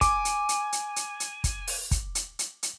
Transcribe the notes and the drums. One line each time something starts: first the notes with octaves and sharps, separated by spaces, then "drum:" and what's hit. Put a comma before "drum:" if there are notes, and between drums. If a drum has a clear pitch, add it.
G#5 D6, drum: kick, hi-hat
drum: hi-hat
drum: hi-hat
drum: hi-hat
drum: hi-hat
drum: hi-hat
drum: kick, hi-hat
drum: open hi-hat
drum: kick, hi-hat
drum: hi-hat
drum: hi-hat
drum: hi-hat